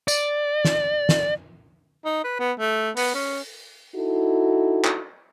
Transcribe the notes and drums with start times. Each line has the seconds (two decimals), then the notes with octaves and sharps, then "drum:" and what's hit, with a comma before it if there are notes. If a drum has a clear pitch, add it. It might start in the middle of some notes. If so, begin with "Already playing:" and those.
0.08 D5, drum: tambourine
0.65 drum: snare
1.09 drum: snare
2.05 D#4
2.24 B4
2.40 B3
2.59 A3
2.97 B3, drum: open hi-hat
3.15 C#4
3.95 D#4 E4 F#4 A4
4.84 drum: clap